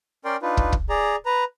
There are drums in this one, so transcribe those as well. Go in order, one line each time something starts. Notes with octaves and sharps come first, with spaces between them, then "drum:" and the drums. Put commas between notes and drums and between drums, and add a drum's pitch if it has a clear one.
C#4 A#4 D5 G5 C6
D4 D#4 F4 B4
drum: kick
drum: kick
G#4 D5 A#5
B4 A#5